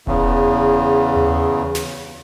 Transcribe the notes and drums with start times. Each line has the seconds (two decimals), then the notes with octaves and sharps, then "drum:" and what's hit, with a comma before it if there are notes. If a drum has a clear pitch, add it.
0.07 E2 C#3, drum: kick E1
1.16 drum: tom D#2
1.75 drum: snare